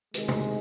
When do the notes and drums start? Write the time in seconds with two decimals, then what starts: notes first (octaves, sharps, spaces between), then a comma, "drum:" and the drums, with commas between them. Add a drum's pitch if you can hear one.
0.14 C3 D#3 G#3, drum: hi-hat
0.28 drum: tom C3